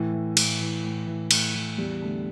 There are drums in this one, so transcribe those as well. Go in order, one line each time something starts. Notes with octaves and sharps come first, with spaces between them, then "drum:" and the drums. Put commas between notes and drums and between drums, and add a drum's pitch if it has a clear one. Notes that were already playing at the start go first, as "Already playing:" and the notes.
Already playing: A2 E3
E3
A2, drum: cymbal
E3
A2
E3
A2, drum: cymbal
E3
E2 G3
D3 A3